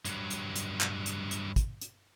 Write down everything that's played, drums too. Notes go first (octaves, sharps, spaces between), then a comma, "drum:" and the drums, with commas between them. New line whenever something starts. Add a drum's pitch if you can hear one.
G2 F#3, drum: hi-hat
drum: hi-hat
drum: hi-hat
drum: clap
drum: hi-hat
drum: hi-hat
drum: kick, hi-hat
drum: hi-hat